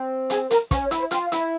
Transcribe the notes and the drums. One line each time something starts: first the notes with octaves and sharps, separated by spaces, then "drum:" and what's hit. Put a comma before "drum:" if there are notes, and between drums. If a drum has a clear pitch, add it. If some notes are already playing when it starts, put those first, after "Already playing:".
Already playing: C4
G#4, drum: hi-hat
A#4, drum: hi-hat
C#4 C5, drum: kick, hi-hat
C#5
E4, drum: hi-hat
C5
F4 G5, drum: hi-hat
F5
E4, drum: hi-hat
E5